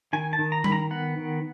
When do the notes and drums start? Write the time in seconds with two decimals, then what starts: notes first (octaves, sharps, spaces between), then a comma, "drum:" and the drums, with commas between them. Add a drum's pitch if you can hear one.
0.13 D#3 G#5
0.33 A5
0.39 D#3
0.52 A#5
0.64 D#3 B5, drum: tom G3
0.72 A#5
0.91 B3 F#5
1.18 D#3